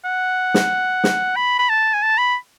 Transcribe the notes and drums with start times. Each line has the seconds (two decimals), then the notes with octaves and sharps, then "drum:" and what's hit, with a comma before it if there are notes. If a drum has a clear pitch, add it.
0.05 F#5
0.54 drum: snare
1.04 drum: snare
1.36 B5
1.59 B5
1.69 A5
1.94 G#5
2.03 A5
2.18 B5